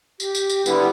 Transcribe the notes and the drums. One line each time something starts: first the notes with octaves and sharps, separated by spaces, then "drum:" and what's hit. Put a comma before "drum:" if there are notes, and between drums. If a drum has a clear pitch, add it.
G4, drum: tambourine
drum: tambourine
drum: tambourine
D3 G3 B3 E4, drum: tambourine